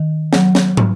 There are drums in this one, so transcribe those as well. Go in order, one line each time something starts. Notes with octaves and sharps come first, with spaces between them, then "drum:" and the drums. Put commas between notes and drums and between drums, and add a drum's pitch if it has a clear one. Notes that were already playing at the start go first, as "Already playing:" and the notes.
Already playing: D#3
F#3, drum: snare
drum: snare
drum: tom